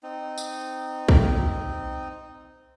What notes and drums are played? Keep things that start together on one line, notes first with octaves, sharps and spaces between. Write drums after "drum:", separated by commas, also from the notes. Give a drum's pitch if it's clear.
C4 D#4
drum: tambourine
drum: kick